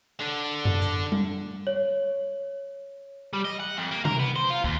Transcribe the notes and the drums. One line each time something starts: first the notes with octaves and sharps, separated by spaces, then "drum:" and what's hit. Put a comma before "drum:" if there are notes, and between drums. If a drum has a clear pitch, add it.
D3 D4
drum: tom F#2
drum: hi-hat
drum: tom G3
C#5
G3
D#5
F#5
F2
A#3
A#4, drum: tom C3
B3
C5
F4
D#2, drum: kick